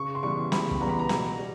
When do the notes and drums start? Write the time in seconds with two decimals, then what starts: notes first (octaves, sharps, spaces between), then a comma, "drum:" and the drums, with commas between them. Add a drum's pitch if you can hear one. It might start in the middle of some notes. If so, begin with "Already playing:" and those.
Already playing: C#3 C#6
0.15 C6
0.23 E3 G3 B3 C#6
0.52 C#3 B5, drum: snare
0.71 drum: kick
0.80 E3 G3 B3 A#5
0.89 B5
0.99 A#5
1.09 B2, drum: snare
1.39 G3